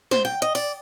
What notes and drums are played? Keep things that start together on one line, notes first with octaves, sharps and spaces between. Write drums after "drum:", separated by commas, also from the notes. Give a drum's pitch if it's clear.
C5, drum: snare
G5
D#5
D5, drum: open hi-hat